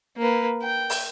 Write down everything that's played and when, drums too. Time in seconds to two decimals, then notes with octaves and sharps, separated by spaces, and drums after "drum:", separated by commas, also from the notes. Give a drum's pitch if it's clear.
0.18 A#3 B4
0.63 G5
0.90 drum: open hi-hat